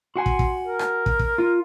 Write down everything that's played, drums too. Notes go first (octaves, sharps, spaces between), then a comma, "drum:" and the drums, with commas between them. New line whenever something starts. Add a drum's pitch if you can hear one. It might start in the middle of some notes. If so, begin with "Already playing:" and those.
F#4 F#5 G#5 C6
drum: kick
drum: kick
A#4
drum: rim click
drum: kick
drum: kick
F4